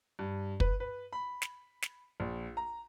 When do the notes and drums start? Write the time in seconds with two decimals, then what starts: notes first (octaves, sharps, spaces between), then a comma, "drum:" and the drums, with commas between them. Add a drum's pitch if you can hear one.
0.19 G2
0.60 B4, drum: kick
0.80 B4
1.13 B5
1.42 drum: snare
1.82 drum: snare
2.20 A#1
2.57 A#5